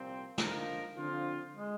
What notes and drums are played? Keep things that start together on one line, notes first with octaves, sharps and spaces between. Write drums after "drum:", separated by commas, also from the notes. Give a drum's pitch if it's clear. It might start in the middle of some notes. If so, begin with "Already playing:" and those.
Already playing: C2 A#2 F3 C4
D3 F3 A#3 D#4 A#4, drum: snare
D3 F3 C4 F4
G#3